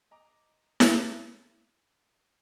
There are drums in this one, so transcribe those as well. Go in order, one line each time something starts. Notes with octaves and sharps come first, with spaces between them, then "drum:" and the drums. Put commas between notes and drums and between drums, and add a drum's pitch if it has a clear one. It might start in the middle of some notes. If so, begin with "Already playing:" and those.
D#5 A#5 D6
drum: snare E4